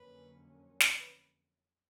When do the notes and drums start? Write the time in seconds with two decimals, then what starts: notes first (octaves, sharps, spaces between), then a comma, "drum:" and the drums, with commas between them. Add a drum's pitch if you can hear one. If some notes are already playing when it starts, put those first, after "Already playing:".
Already playing: F2 D3 F#3 A#3 C#4 B4
0.80 drum: snare
1.00 B4